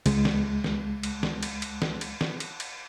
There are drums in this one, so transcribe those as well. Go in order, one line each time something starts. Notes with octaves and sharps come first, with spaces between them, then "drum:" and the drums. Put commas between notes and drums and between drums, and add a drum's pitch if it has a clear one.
C#2 G#3, drum: cymbal
drum: snare
drum: snare
drum: cymbal
drum: snare
drum: cymbal
drum: cymbal
drum: snare
drum: cymbal
drum: snare
drum: cymbal
drum: cymbal